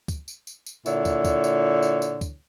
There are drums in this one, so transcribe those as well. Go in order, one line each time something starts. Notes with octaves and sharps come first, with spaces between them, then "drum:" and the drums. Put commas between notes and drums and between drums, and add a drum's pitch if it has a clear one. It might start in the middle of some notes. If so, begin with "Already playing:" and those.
drum: kick, tambourine
drum: tambourine
drum: tambourine
drum: tambourine
A#2 D3 E4 C#5, drum: tambourine
drum: kick, tambourine
drum: kick, tambourine
drum: tambourine
drum: tambourine
drum: tambourine
drum: kick, tambourine